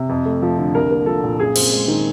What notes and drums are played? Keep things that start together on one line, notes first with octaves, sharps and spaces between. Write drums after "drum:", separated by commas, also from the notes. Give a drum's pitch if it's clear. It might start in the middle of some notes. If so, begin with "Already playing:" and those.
Already playing: C3
F2
A3
F3
D3
C2 A#4
A#3
F3 A4
A#2
F#2 G#4
C4, drum: cymbal
G#3
D#3